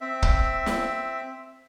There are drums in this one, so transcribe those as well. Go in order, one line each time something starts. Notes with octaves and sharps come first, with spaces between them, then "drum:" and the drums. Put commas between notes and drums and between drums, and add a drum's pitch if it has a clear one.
C4 E5
drum: kick
drum: snare